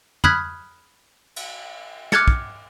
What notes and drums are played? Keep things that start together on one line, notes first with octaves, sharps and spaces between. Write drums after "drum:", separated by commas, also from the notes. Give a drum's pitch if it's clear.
B5 D#6 F6 F#6 G#6 B6, drum: tom
drum: cymbal
D6 F6 F#6 G#6 A6 C#7, drum: snare
drum: kick